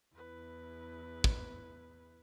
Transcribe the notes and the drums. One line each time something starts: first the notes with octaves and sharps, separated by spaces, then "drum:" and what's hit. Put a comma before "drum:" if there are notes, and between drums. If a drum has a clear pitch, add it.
E2 E4 B4
drum: kick